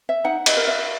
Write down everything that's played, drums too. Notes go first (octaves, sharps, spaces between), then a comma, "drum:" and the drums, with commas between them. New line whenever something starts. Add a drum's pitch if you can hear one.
E5
D#4 F#5
D#5, drum: cymbal
A#4
E5